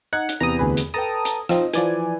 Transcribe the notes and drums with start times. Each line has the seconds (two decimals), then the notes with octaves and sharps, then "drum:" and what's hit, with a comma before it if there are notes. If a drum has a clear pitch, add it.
0.13 D#4 F#5 G#6
0.29 drum: hi-hat
0.40 E2 C3 E3 A#5 D#6
0.59 D2 G#4 B4
0.77 drum: hi-hat
0.94 A4 B4 G5 A5 A#5 D#6
1.25 drum: hi-hat
1.49 F3 C4 D#4 D#5, drum: rim click
1.73 E3 F3 D5 G#5, drum: hi-hat